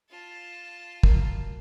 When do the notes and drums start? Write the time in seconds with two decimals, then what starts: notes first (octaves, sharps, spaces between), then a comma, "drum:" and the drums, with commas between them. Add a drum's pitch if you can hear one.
0.10 F4 A5
1.03 F#3 A#4, drum: kick